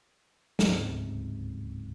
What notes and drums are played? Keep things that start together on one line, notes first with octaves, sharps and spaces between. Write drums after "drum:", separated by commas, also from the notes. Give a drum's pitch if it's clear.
D1 C#2 G#2 C3, drum: snare